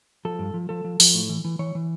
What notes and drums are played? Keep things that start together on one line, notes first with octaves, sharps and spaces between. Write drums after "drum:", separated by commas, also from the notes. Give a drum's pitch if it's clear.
F3 A4
G2
F3
F3 A4
F3
F3, drum: open hi-hat
A2
E3
E3
E3 C#5
E3